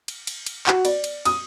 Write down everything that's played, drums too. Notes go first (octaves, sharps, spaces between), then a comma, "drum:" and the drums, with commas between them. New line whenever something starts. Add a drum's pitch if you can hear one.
drum: cymbal
drum: cymbal
drum: cymbal
F#4, drum: clap
D5, drum: cymbal
drum: cymbal
D#6, drum: cymbal